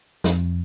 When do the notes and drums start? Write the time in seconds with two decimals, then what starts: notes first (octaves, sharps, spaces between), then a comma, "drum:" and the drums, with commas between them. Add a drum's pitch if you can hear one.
0.24 F2, drum: snare